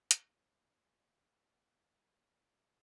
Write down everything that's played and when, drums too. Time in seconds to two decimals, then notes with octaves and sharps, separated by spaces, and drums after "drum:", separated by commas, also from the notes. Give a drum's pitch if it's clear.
0.11 G3 A#3, drum: hi-hat